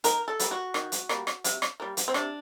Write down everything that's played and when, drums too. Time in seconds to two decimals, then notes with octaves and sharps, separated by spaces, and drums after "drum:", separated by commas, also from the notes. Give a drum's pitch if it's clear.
0.04 D#3 A#4, drum: hi-hat
0.28 A4
0.39 G3 A#3, drum: hi-hat
0.51 F#4
0.74 D#3, drum: rim click
0.92 drum: hi-hat
1.09 G3 A#3, drum: rim click
1.27 drum: rim click
1.44 C3, drum: hi-hat
1.62 drum: rim click
1.80 G3 A#3
1.97 drum: hi-hat
2.08 C4
2.14 C3 D4, drum: rim click